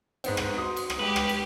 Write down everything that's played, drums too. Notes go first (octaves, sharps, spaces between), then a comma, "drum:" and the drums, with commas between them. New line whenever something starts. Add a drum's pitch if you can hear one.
G#2 B3 C4, drum: cymbal
drum: rim click
F#4 C6 D#6
drum: cymbal
drum: rim click
G#3 G4 B4
drum: rim click
drum: cymbal